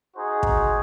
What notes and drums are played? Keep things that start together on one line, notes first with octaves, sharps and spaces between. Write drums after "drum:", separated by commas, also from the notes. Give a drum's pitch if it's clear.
D#4 F#4 G#4 C5
drum: kick